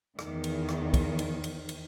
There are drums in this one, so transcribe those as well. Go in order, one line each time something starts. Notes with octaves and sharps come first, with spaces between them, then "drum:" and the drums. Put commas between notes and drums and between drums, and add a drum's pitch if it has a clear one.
E2 D#3, drum: rim click
drum: cymbal
drum: rim click
drum: kick, cymbal
drum: cymbal
drum: cymbal
drum: cymbal